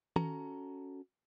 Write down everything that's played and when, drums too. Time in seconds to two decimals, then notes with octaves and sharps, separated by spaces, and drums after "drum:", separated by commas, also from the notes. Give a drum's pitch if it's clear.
0.16 C#4 F#4 A4 A#5, drum: tom D#3